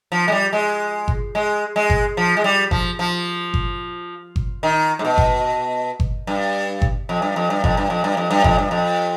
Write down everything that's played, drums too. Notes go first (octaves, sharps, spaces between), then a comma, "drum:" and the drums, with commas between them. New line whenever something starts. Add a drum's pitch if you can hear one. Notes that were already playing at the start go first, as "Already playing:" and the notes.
F3
G#3
G3
G#3
drum: kick G1
G#3
G#3
drum: kick G1
F3
G#3
G3
F3, drum: kick G1
F3
drum: kick G1
drum: kick G1
D#3
G#2
B2
drum: kick G1
drum: kick G1
G2
drum: kick G1
F2
G2
F2
G2
F2, drum: kick G1
G2
F2
G2
F2
G2
F2, drum: kick G1
G2
F2